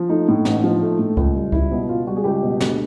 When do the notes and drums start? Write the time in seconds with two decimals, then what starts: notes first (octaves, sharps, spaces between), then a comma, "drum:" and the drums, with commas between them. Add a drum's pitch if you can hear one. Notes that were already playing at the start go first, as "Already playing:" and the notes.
Already playing: F3
0.09 A3 D#4
0.28 A2
0.45 A1, drum: snare
0.64 F3
0.82 A3
0.99 A2
1.17 C#2, drum: kick C#2
1.35 G3
1.52 C#2 E4, drum: kick C#2
1.71 B2
1.89 C#2 F4
2.07 G3 F#4
2.16 G#4
2.24 C#2 G4
2.43 B2
2.60 D2, drum: snare